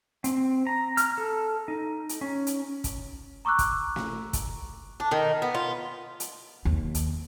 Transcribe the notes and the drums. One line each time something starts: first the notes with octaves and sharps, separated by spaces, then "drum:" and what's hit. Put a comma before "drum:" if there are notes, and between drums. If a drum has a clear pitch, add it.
C4, drum: hi-hat
A#5
F6, drum: hi-hat
A4
D#4
drum: hi-hat
C#4
drum: hi-hat
drum: kick, hi-hat
A#5 C#6 D6 E6 F#6
drum: kick, hi-hat
drum: snare
drum: kick, hi-hat
D4
D#3
B3
F4
drum: hi-hat
D#2
drum: hi-hat